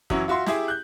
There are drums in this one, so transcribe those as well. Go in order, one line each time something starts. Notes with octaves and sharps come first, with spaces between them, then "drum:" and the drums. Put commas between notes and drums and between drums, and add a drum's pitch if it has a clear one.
F#2 E3 F#3 C#4 E4, drum: kick
F4 F#4 E5 C6
E4 G4 G#4 E5, drum: snare
F#6 G6